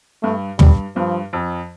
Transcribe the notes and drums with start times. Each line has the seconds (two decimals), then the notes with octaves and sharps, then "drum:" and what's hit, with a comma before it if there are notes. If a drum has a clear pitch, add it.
0.23 G2 A3
0.59 G2 G3, drum: tom
0.96 G2 F3
1.33 F2